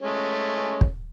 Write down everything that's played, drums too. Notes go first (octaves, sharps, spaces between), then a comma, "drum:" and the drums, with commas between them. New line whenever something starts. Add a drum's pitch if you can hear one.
G#3 A3 C#4
drum: kick